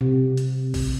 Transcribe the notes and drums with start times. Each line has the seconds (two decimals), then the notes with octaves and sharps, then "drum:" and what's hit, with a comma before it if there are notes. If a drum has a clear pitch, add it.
0.01 C3
0.37 drum: hi-hat
0.74 drum: kick A#1, open hi-hat